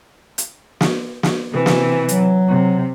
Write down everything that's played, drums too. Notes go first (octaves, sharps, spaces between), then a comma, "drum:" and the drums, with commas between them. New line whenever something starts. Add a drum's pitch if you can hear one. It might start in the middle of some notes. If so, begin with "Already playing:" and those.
drum: hi-hat
drum: snare
drum: snare
C3 E3
drum: snare
F#3, drum: hi-hat
C3